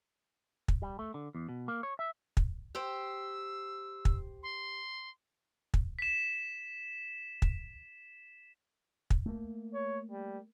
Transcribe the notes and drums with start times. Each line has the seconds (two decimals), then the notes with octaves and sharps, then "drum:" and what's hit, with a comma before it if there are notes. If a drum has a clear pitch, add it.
0.68 drum: kick
0.82 G3
0.99 A3
1.14 D3
1.35 E2
1.49 B2
1.68 A#3
1.83 C#5
1.99 E5
2.37 drum: kick
2.75 G4 C5 G5 E6
4.05 drum: kick
4.43 C6
5.74 drum: kick
5.99 B6 E7
7.42 drum: kick
9.10 drum: kick
9.26 A3 A#3
9.74 C#5
10.11 G3